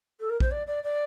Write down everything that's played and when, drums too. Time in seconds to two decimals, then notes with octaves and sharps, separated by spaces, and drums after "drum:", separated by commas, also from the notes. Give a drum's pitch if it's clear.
0.20 A4
0.29 A#4
0.40 C5, drum: kick A#1
0.51 D5
0.67 D5
0.83 D5